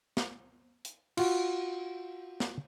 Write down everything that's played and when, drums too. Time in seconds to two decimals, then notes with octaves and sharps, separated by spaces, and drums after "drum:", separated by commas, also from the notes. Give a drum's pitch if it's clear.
0.17 drum: snare
0.85 drum: hi-hat
1.17 F4 F#4, drum: cymbal
2.40 drum: snare